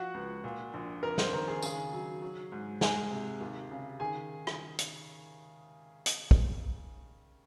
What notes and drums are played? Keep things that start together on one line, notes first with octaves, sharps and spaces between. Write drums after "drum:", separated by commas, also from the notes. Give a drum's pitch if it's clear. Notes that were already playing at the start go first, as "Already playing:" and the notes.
Already playing: F3 F#4 F#5
C#2
A#2
A#1
F2 A#4 A#5
C5 C6, drum: snare
D#3 A#4 A#5
G#4 G#5
C#3 G#4 G#5, drum: tambourine
F#3
F#3
G#2
G#3 G#4 G#5, drum: snare
C3
D#2
C#3
D#3 G#4 G#5
drum: rim click
drum: hi-hat
drum: hi-hat
drum: kick